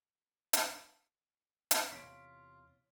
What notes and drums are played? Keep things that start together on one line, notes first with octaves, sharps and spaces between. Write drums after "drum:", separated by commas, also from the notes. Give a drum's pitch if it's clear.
drum: hi-hat
drum: hi-hat
E2 C3 E3 F4 C#5 F5 B6 D7